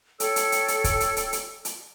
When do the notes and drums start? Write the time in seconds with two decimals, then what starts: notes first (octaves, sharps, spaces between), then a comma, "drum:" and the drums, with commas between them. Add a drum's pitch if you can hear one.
0.20 A4 C#5 G5 E6, drum: hi-hat
0.36 drum: hi-hat
0.52 drum: hi-hat
0.68 drum: hi-hat
0.84 drum: kick, hi-hat
1.00 drum: hi-hat
1.16 drum: hi-hat
1.33 drum: hi-hat
1.65 drum: hi-hat